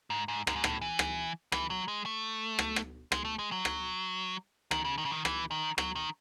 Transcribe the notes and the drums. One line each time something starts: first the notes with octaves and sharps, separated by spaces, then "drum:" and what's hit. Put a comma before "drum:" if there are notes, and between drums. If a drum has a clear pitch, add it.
G#2
G#2
F#2, drum: rim click
G#2
A2, drum: rim click
E3
drum: rim click
E3, drum: rim click
F#3
G#3
A3
drum: rim click
drum: rim click
G#3, drum: rim click
A3
G#3
F#3
drum: rim click
D#3, drum: rim click
C#3
D#3
C#3
D#3
E3, drum: rim click
D#3
F#3, drum: rim click
D#3